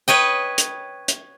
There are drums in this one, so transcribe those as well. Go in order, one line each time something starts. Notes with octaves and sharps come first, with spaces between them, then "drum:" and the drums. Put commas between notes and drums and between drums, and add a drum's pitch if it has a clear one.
B4 C#5 D#5 G5
drum: hi-hat
drum: hi-hat